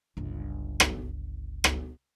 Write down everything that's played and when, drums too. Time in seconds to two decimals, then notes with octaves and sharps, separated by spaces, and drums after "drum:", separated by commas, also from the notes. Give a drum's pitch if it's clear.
0.17 G1 C#2
0.80 drum: rim click
1.64 drum: rim click